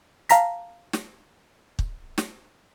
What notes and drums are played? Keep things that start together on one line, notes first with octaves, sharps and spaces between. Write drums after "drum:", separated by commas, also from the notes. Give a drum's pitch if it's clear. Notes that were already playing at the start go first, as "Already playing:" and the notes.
F5 A5 A#5 A#6 B6, drum: hi-hat
drum: snare
drum: kick
drum: snare